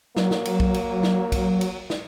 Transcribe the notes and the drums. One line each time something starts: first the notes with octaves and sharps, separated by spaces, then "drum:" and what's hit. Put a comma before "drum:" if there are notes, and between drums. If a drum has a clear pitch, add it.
F#3 A#3, drum: snare
drum: snare
drum: cymbal
drum: kick
drum: cymbal
drum: snare
drum: kick, cymbal
drum: cymbal
drum: snare